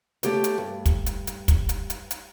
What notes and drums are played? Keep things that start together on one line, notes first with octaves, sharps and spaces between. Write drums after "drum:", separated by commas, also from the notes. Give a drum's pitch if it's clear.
A3 G4 C#5, drum: hi-hat
drum: hi-hat
G2
drum: kick, hi-hat
drum: hi-hat
drum: hi-hat
drum: kick, hi-hat
drum: hi-hat
drum: hi-hat
drum: hi-hat